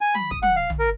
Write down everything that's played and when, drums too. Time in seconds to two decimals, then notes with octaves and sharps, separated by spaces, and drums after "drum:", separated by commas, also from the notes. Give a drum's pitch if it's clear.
0.01 G#5
0.15 B5, drum: tom
0.31 D#6, drum: kick
0.43 F#5, drum: tom
0.56 F5
0.70 drum: tom
0.79 A#4